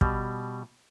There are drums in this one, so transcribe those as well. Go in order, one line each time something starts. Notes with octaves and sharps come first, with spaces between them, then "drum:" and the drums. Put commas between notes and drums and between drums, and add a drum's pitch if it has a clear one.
B2 G3, drum: kick